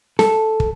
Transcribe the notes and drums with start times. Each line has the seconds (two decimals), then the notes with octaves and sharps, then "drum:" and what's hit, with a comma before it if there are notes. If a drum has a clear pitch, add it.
0.19 A4, drum: snare
0.60 drum: kick